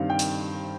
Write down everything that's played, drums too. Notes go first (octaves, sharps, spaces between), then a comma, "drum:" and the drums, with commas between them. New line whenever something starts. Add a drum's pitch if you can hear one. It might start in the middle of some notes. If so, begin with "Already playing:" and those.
Already playing: G2 D#3 C4 F5
G5
drum: hi-hat